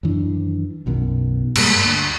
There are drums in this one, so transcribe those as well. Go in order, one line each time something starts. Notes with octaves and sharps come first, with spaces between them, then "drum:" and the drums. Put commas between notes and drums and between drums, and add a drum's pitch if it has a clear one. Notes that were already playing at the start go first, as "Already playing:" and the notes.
F#2 D#3 E3 D4
B1 F#2 B2 D#3
G2 G3 G#3 A#3, drum: cymbal
D2